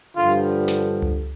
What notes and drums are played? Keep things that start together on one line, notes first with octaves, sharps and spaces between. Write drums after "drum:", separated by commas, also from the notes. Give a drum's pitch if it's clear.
G2 D3 F3 F4
drum: snare
drum: tom C#2